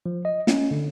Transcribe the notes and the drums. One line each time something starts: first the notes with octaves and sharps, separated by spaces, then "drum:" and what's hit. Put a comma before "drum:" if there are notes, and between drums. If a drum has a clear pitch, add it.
F3
D#5
C#4, drum: snare
D3